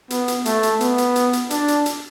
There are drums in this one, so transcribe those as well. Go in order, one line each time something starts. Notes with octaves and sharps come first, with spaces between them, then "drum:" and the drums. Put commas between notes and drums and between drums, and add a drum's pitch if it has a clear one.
B3, drum: hi-hat
drum: hi-hat
A3, drum: hi-hat
drum: hi-hat
B3, drum: hi-hat
drum: hi-hat
drum: hi-hat
drum: hi-hat
D4, drum: hi-hat
drum: hi-hat
drum: hi-hat